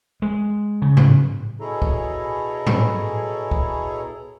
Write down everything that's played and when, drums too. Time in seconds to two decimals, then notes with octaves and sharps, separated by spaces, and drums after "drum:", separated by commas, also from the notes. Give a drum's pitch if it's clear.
0.22 G#3
0.82 C#3
0.97 drum: tom G#2
1.61 B2 E4 G#4 A4 C#5 A#5
1.82 drum: kick
2.67 drum: tom G#2
3.51 drum: kick